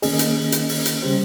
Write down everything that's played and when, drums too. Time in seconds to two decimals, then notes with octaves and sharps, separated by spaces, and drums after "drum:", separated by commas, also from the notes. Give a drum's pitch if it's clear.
0.02 D#3 A#3 C#4 G#4 D#5, drum: open hi-hat
0.19 drum: hi-hat
0.52 drum: hi-hat
0.69 drum: open hi-hat
0.85 drum: hi-hat
1.02 C#3 G3 C#4 G4 C5